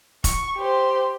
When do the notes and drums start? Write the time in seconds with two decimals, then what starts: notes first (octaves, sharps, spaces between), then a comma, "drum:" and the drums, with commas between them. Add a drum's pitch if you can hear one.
0.24 C#6, drum: kick F1, hi-hat
0.56 G4 C5